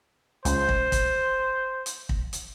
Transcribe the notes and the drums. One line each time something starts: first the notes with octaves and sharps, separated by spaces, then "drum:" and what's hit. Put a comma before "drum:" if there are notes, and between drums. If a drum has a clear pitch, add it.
C#2 C5, drum: hi-hat
drum: kick
drum: kick, hi-hat
drum: hi-hat
drum: kick
drum: hi-hat